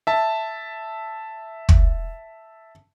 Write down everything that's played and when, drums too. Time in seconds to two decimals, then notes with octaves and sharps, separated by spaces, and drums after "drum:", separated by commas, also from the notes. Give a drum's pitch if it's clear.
0.07 E5 A5
1.69 drum: kick